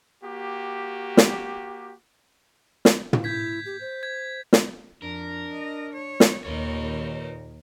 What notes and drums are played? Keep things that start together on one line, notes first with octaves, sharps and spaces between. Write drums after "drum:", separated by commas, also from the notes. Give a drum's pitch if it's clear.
A#3 F#4 G4
drum: snare
drum: snare
drum: tom
E4 G6 G#6 B6
G4
C5
G#6
drum: snare
F2 D4 A#4
D#5
C#5
drum: snare
D#2 A#2 D#4 A#4 B4 C#5